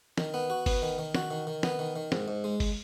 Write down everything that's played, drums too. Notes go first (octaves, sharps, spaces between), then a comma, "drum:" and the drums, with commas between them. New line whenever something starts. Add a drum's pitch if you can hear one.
D#3, drum: snare
B3
F#4
B3, drum: kick G1, open hi-hat
D#3
D#3
F#4, drum: snare
D#3
D#3
B3, drum: snare
D#3
D#3
G#2, drum: snare
G#2
G#3
drum: kick G1, open hi-hat